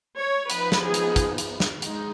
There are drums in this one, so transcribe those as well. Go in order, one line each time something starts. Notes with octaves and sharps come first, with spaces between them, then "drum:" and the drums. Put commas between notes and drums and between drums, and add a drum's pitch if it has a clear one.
C#5
F3 B3 D#4 B4, drum: hi-hat
drum: snare
G#4
drum: hi-hat
drum: kick, hi-hat
drum: hi-hat
drum: snare
G#3 D#4, drum: hi-hat